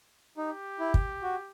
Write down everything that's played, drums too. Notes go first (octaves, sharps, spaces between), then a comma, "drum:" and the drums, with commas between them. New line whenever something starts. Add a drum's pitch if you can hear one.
D#4 G4
E4
drum: kick
F#4